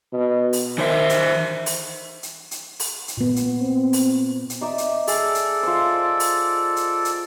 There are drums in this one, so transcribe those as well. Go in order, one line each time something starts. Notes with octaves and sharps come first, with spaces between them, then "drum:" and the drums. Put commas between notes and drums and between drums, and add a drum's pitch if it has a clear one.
B2
drum: open hi-hat
D#3 E3 C5 E5
drum: hi-hat
drum: open hi-hat
drum: hi-hat
drum: hi-hat
drum: open hi-hat
drum: hi-hat
A#2 B3
drum: hi-hat
C4
drum: open hi-hat
drum: hi-hat
D#4 D5 E5
drum: hi-hat
G#4 A4 D5, drum: open hi-hat
drum: hi-hat
F4 C5
drum: open hi-hat
drum: hi-hat
drum: hi-hat